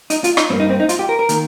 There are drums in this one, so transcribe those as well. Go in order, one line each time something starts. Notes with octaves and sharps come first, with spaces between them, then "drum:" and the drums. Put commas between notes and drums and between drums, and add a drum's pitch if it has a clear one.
D#4, drum: hi-hat
F4, drum: hi-hat
D#4, drum: rim click
G2 G3 A#3 C4
D#4
C4
D#4
F4, drum: hi-hat
G4
A#4
A#4
D#3 A#3, drum: hi-hat